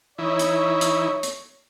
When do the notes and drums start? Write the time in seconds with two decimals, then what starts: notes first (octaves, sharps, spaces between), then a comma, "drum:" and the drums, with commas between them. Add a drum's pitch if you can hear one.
0.18 E3 D#4 E4 C#5
0.39 drum: hi-hat
0.81 drum: hi-hat
1.23 drum: hi-hat